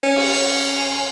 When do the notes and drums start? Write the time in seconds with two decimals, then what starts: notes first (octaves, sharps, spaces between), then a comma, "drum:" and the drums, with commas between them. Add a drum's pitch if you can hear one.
0.03 C#4
0.16 drum: cymbal